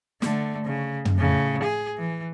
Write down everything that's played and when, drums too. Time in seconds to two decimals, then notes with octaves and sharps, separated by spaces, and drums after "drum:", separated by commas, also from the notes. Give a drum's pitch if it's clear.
0.22 D3 A3, drum: snare
0.65 C#3
1.05 drum: tom
1.17 A2 C#3
1.63 G#4
1.98 E3